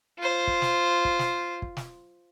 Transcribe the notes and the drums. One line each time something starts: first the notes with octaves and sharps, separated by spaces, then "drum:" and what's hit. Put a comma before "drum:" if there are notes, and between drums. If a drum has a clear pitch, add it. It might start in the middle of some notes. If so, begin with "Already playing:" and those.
F4 C5
drum: kick
drum: snare
drum: kick
drum: snare
drum: kick
drum: snare